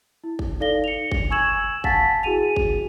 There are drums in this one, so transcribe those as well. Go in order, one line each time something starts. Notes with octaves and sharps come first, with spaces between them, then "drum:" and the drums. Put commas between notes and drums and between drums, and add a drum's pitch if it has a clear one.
E4
drum: kick
D#4 A4 D5 F5 A#6 G7
C#7 F7
drum: kick
G#5 C#6 E6 G#6 E7 F#7
F5 F#5 G#5 A5 A6 B6, drum: kick
E4 F#4 G#4 G#5 D#7 F7
drum: kick